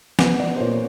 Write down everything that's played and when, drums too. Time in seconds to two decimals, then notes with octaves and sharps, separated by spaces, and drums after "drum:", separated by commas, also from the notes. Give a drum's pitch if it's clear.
0.19 B3 F#5, drum: snare
0.40 B3 D5
0.56 C5
0.60 A#2 C#5